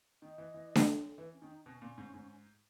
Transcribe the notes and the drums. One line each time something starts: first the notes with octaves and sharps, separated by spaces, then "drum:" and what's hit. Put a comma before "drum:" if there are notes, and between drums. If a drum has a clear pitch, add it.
D#3 D#5
E3
E3
drum: snare D4
E3 B4
C#4
D#3
D#4
B2 C#4
A#2
G#2
G#2